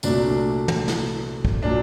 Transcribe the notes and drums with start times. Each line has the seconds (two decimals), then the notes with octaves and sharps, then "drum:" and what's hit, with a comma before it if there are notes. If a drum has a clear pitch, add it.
0.03 C2 A#2 F#3 A3 D4 F#4, drum: tambourine
0.68 drum: tom
0.88 drum: snare
1.45 drum: kick
1.63 A#2 F#3 D4